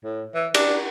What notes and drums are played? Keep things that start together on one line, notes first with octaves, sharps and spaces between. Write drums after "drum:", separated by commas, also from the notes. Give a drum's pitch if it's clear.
A2
E3
D4, drum: cymbal